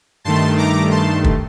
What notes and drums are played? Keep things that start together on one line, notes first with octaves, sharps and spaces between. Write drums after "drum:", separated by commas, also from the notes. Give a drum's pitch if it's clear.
G2 D#3 A3 A5 C6
A#5 D6
A5 C6
drum: kick